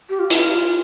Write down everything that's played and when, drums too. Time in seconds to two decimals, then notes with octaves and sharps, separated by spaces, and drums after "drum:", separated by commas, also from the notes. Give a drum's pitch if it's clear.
0.10 G4
0.19 F4
0.30 E4, drum: hi-hat
0.40 F4